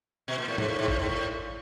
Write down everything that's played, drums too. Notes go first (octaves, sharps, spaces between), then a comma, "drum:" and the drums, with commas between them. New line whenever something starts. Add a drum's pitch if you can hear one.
B2
A#2
A2
G#2, drum: tom
A2
G#2
A2, drum: kick G#1
G#2
A2